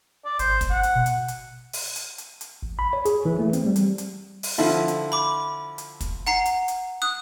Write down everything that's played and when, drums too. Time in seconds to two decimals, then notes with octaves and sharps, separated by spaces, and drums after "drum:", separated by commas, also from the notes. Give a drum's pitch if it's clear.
0.25 D5
0.39 G#1 C5, drum: hi-hat
0.61 drum: kick, hi-hat
0.70 F#5
0.83 drum: hi-hat
0.95 B2
1.06 drum: hi-hat
1.28 drum: hi-hat
1.73 drum: open hi-hat
1.96 drum: hi-hat
2.18 drum: hi-hat
2.41 drum: hi-hat
2.63 A1
2.79 B5
2.93 C#5
3.05 G#4, drum: hi-hat
3.25 E3
3.39 A3
3.53 C4, drum: hi-hat
3.66 G3
3.76 drum: hi-hat
3.98 drum: hi-hat
4.43 drum: open hi-hat
4.58 D3 F3 E4
4.88 drum: hi-hat
5.12 B5 D6
5.78 drum: hi-hat
6.01 drum: kick, hi-hat
6.27 F#5 A#5 C7
6.45 drum: hi-hat
6.68 drum: hi-hat
7.02 D#6 F#6